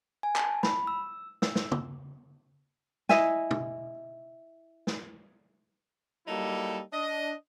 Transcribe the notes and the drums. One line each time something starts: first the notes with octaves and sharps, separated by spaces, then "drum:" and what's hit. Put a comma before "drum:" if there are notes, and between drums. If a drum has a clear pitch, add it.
G#5
A5, drum: clap
B5, drum: snare
E6
E6, drum: snare
drum: snare
drum: tom
E4 D#5 E5 G#5, drum: snare
drum: tom
drum: snare
F#3 G3 A#3 D#4 E4 A4
D4 D#5